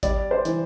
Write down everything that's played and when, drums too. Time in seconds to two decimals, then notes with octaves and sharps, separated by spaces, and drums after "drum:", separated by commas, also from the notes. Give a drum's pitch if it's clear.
0.03 G3 D5, drum: kick G#1, hi-hat
0.31 C5
0.45 E3, drum: hi-hat